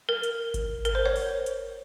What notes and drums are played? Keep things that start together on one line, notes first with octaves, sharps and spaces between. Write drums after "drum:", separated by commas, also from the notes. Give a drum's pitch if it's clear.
A#4
drum: hi-hat
drum: kick G#1, hi-hat
A#4, drum: hi-hat
C5
C#5
drum: open hi-hat
drum: hi-hat